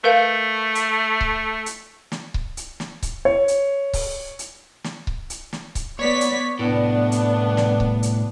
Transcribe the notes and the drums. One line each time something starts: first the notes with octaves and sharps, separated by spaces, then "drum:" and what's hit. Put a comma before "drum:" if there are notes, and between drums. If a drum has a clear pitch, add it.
A3 A#4 B4 F5
drum: hi-hat
drum: kick C#1
drum: hi-hat
drum: snare
drum: kick C#1
drum: hi-hat
drum: snare
drum: kick C#1, hi-hat
C#5
drum: hi-hat
drum: kick C#1, open hi-hat
drum: hi-hat
drum: snare
drum: kick C#1
drum: hi-hat
drum: snare
drum: kick C#1, hi-hat
B3 C#5 D5 B6
drum: hi-hat
C2 A2 B3 D4
drum: hi-hat
drum: snare
drum: kick C#1
drum: hi-hat